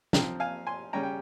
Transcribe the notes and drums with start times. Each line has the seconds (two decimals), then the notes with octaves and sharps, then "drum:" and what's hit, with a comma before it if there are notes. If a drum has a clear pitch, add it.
0.13 F3 C4 G5 A#5, drum: snare
0.40 F5 G#5
0.67 G#5 C6
0.93 C#3 G3 C#4 G5 A#5
1.03 G5